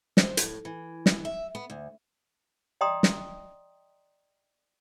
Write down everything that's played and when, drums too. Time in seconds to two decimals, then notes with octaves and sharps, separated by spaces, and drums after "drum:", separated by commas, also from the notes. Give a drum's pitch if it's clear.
0.17 C5, drum: snare
0.37 A2, drum: hi-hat
0.65 E3
1.06 drum: snare
1.25 E5
1.55 B3
1.70 D2
2.81 D5 D#5 G5 A#5 C6 D#6
3.03 drum: snare